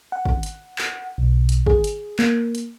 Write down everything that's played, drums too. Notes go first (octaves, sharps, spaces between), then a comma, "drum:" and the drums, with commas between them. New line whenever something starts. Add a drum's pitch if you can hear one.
F#5
drum: kick
drum: hi-hat
drum: clap
B1
drum: hi-hat
G#4, drum: kick
drum: hi-hat
A#3, drum: clap
drum: hi-hat